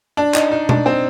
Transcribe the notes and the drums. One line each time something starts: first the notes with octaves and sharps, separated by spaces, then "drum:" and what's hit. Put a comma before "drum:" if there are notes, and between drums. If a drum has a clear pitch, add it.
D4
D#4, drum: clap
D#4
D4, drum: tom B2
C4